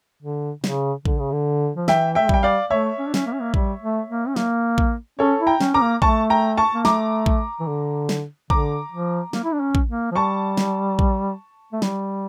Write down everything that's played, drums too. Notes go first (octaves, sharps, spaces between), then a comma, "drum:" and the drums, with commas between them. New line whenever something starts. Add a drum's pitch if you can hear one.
D3
C#3, drum: snare
D3, drum: kick
C#3
D3
F3
E3 E5 G5, drum: snare
A3 E5 G5
G3 G5, drum: kick
D5 F5
A3 C#5 E5
C#4
D4
C#4, drum: snare
A#3
C#4
A#3
G3, drum: kick
A3
A#3
C#4
A#3, drum: snare
drum: kick
C#4 A4 C#5
E4
G5 A#5
C#4, drum: snare
C#4 A#5 D6
A#3
A3 A5 C#6, drum: kick
G5 A#5
A5 C#6
A#3
A3 A#5 D6, drum: snare
drum: kick
E3
D3
drum: snare
D3 A#5 D6, drum: kick
F3
A#3, drum: snare
E4
D4
C#4
drum: kick
A#3
F3
G3 A5 C#6
drum: snare
drum: kick
A3
G3, drum: snare